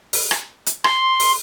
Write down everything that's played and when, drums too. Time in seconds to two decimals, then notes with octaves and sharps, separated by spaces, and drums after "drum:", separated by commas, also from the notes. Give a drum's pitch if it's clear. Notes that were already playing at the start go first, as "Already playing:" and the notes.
0.13 drum: open hi-hat
0.31 drum: rim click
0.66 drum: hi-hat
0.84 C6, drum: rim click
1.20 drum: open hi-hat